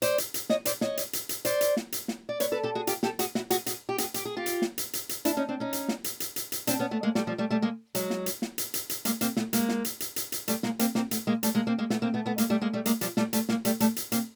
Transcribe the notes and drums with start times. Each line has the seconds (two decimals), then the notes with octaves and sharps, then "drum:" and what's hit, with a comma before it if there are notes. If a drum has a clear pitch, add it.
0.02 C5 D5, drum: hi-hat
0.18 drum: hi-hat
0.34 drum: hi-hat
0.49 C#5 D#5, drum: snare
0.65 C5 D5, drum: hi-hat
0.81 C#5 D#5, drum: snare
0.97 drum: hi-hat
1.13 drum: hi-hat
1.29 drum: hi-hat
1.45 C5 D5, drum: hi-hat
1.61 drum: hi-hat
1.77 drum: snare
1.92 drum: hi-hat
2.08 drum: snare
2.29 D5
2.40 B4 C#5, drum: hi-hat
2.52 A4 B4
2.63 G4 A4
2.75 F#4 G#4
2.87 F4 G4, drum: hi-hat
3.03 G4 A4, drum: snare
3.19 F#4 G#4, drum: hi-hat
3.35 E4 F#4, drum: snare
3.50 F#4 G#4, drum: hi-hat
3.66 F#4 G#4, drum: hi-hat
3.89 G4
3.98 F#4 G#4, drum: hi-hat
4.14 G4, drum: hi-hat
4.25 G#4
4.37 F4 G4
4.46 drum: hi-hat
4.62 drum: snare
4.78 drum: hi-hat
4.93 drum: hi-hat
5.09 drum: hi-hat
5.25 D4 E4, drum: hi-hat
5.37 C#4 D#4
5.49 C4 D4
5.60 C#4 D#4
5.73 drum: hi-hat
5.89 drum: snare
6.04 drum: hi-hat
6.20 drum: hi-hat
6.36 drum: hi-hat
6.52 drum: hi-hat
6.67 C4 D4, drum: hi-hat
6.79 B3 C#4
6.91 A3 B3
7.03 G#3 A#3
7.15 G3 A3, drum: snare
7.27 F3 G3
7.38 G3 A3
7.50 G3 A3
7.62 G#3 A#3
7.95 F#3 G#3, drum: hi-hat
8.10 drum: snare
8.26 drum: hi-hat
8.42 drum: snare
8.58 drum: hi-hat
8.74 drum: hi-hat
8.89 drum: hi-hat
9.05 G#3 A#3, drum: hi-hat
9.21 A#3 C4, drum: hi-hat
9.37 A3 B3, drum: snare
9.53 G#3 A#3, drum: hi-hat
9.69 drum: snare
9.85 drum: hi-hat
10.00 drum: hi-hat
10.16 drum: hi-hat
10.32 drum: hi-hat
10.48 G3 A3, drum: hi-hat
10.63 G#3 A#3, drum: snare
10.79 A#3 C4, drum: hi-hat
10.95 A#3 C4, drum: snare
11.11 A3 B3, drum: hi-hat
11.27 G#3 A#3
11.43 G3 A3, drum: hi-hat
11.55 G#3 A#3
11.67 A#3 C4
11.78 G#3 A#3
11.90 A3 B3, drum: snare
12.02 A#3 C4
12.14 A3 B3
12.26 A3 B3
12.38 G#3 A#3, drum: hi-hat
12.50 G3 A3
12.62 G#3 A#3
12.73 G3 A3
12.86 G#3 A#3, drum: hi-hat
13.01 F3 G3, drum: hi-hat
13.17 G3 A3, drum: snare
13.33 G3 A3, drum: hi-hat
13.49 G#3 A#3, drum: snare
13.65 G3 A3, drum: hi-hat
13.80 G3 A3, drum: hi-hat
13.96 drum: hi-hat
14.12 A#3 C4, drum: hi-hat